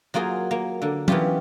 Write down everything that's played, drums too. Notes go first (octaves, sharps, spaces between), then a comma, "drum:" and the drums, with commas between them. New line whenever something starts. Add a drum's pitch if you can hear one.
F#3 A#3 F4 G#4 C5
A#3
D3 A#3
E3 B3 C#4 F4 G4, drum: tom